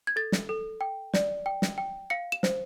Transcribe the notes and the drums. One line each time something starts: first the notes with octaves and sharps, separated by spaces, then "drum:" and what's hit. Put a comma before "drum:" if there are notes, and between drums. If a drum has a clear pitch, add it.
G#6
A4 A6
drum: snare
A4
G5
D5, drum: snare
G5
drum: snare
G5
F5 C#7
E7
C5, drum: snare